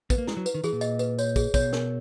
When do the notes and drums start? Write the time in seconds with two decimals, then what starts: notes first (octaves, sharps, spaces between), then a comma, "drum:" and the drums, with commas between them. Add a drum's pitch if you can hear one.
0.10 B3 B4, drum: kick, tambourine
0.18 A#3
0.27 G#3 E4, drum: snare
0.37 F#3
0.46 B4, drum: tambourine
0.55 D#3
0.64 E3 G#4, drum: tambourine
0.73 A#2
0.81 D#5, drum: tambourine
0.99 B4, drum: tambourine
1.19 C#5, drum: tambourine
1.36 G#4, drum: kick, tambourine
1.54 B2 C#5, drum: kick, tambourine
1.73 A#4, drum: snare